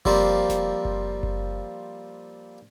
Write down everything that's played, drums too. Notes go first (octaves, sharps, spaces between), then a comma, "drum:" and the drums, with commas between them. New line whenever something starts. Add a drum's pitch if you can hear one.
F3 G3 A#3 C4, drum: kick F#1
drum: snare F1
drum: kick F#1
drum: kick F#1